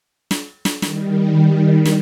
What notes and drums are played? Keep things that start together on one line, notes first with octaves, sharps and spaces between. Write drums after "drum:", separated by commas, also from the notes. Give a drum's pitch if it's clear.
drum: snare
drum: snare
D#3 G3, drum: snare
drum: snare